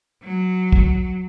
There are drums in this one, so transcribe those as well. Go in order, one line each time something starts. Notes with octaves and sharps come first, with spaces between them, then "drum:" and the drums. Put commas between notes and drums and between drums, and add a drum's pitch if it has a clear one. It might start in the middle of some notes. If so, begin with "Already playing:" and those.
F#3
drum: kick